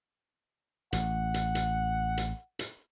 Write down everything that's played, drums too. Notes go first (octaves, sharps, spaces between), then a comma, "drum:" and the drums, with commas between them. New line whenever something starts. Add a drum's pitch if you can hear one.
A1 F#5, drum: hi-hat
drum: hi-hat
drum: hi-hat
drum: hi-hat
drum: hi-hat